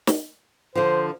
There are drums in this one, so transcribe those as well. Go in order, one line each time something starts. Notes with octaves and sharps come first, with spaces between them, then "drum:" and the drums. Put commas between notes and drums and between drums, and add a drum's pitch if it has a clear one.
drum: snare
D3 F3 C5